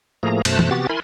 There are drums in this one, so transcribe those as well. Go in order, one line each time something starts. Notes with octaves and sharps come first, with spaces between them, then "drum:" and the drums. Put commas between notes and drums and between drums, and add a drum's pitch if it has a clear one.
A2 F3 A3 A#3 G#4 A#5
F#2 B2 A3 C5 A5 F#6, drum: cymbal
drum: tom
C3 B3 F#4 G4 A6
E4 A#4 G#5 B5 C6